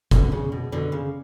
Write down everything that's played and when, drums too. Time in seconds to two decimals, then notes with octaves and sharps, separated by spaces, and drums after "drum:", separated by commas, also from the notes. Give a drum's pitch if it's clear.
0.11 B2 D3, drum: kick, hi-hat
0.32 C#3
0.52 B2
0.72 B2 D3
0.92 C#3